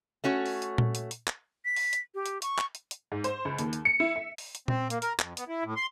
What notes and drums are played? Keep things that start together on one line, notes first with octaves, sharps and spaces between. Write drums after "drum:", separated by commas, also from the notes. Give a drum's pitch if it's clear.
A3 C#4 F#4 C#5
drum: open hi-hat
drum: hi-hat
drum: tom A#2
drum: hi-hat
drum: hi-hat
drum: clap
B6
drum: open hi-hat
drum: hi-hat
G4
drum: hi-hat
C#6, drum: hi-hat
drum: clap
drum: hi-hat
drum: hi-hat
G#2
C5, drum: hi-hat
C#2
D#2, drum: hi-hat
drum: hi-hat
C#7
E4
E5
drum: open hi-hat
drum: hi-hat
C4, drum: tom A#2
A#3, drum: hi-hat
A#4, drum: hi-hat
F2, drum: clap
B3, drum: hi-hat
E4
A2
C6